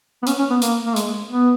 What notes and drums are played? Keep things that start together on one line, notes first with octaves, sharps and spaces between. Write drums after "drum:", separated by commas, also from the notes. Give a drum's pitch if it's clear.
B3
C#4, drum: hi-hat
C#4
B3
A#3, drum: hi-hat
A#3
G#3, drum: hi-hat
B3